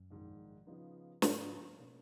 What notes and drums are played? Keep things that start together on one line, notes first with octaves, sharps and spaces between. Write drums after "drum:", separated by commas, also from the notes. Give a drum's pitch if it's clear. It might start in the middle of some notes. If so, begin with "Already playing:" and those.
Already playing: F#2
A#1 G#2 D#3
C#3 F3 B3 D#4
G#2 C#3 F3 B3 D#4, drum: snare
B2 A#3 C#4